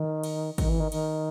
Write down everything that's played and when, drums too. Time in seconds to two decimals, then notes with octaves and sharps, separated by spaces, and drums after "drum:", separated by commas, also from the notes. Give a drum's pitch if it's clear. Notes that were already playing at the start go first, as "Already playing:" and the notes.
Already playing: D#3
0.23 drum: cymbal
0.58 D#3, drum: kick, cymbal
0.69 E3
0.80 D#3
0.92 D#3, drum: cymbal